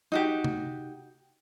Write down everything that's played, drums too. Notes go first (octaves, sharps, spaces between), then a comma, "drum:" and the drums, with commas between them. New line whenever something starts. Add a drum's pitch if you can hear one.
D#4 F#4 G4
drum: tom C3